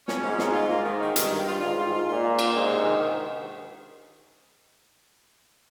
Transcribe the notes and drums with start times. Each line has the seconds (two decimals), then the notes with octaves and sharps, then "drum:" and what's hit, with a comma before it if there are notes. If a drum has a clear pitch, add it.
0.08 C#4, drum: snare
0.23 G#2 C#4
0.39 F4, drum: snare
0.53 F4
0.69 G#2 A#3
0.85 D#3
1.01 D#3
1.16 G2 D#3, drum: hi-hat
1.31 D#3
1.47 F4
1.61 G#2 F4
1.78 F4
1.93 F4
2.08 A#2 F4
2.24 A#3
2.39 A#3, drum: cymbal
2.54 G#2 C3
2.69 C3
2.85 D#3
3.01 D#3